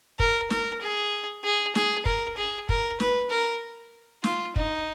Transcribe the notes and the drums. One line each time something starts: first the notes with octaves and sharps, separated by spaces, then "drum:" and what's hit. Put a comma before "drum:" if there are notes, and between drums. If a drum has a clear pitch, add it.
A#4, drum: kick
A#4, drum: snare
G#4
G#4
G#4, drum: snare
A#4, drum: kick
G#4
A#4, drum: kick
B4, drum: snare
A#4
F4, drum: snare
D#4, drum: kick